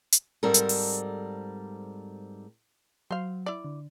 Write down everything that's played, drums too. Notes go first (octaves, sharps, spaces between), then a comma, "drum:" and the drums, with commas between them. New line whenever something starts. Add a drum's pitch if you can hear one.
drum: hi-hat
G#2 G3 C4 A4 A#4
drum: hi-hat
drum: open hi-hat
F#3 C5 F5
E4 D5
D3